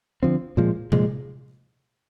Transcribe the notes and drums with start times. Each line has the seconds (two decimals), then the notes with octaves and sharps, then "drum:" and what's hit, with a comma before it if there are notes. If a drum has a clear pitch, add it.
0.23 D3 F3 C4
0.57 A#2 F3 G#3
0.92 A#2 F3 G#3, drum: tom C3